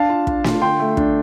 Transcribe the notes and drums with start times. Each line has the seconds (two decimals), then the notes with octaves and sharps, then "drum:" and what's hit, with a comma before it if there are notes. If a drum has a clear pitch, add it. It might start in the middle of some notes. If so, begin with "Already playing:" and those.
Already playing: D4 F5 A5
0.09 F4
0.27 D4, drum: kick
0.44 F4, drum: snare
0.62 D3 G5 C6
0.80 A3
0.97 D4, drum: kick